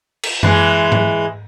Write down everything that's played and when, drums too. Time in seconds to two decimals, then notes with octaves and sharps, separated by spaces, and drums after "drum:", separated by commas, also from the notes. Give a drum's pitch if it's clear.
0.23 drum: cymbal
0.43 E3 G#3, drum: tom F#2
0.92 drum: tom G#2